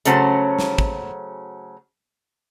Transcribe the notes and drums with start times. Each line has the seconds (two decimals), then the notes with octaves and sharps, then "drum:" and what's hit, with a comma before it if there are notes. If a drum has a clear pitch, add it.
0.05 C#3 F#3 A3 C#4 F#4 C5, drum: hi-hat
0.59 drum: snare
0.78 drum: kick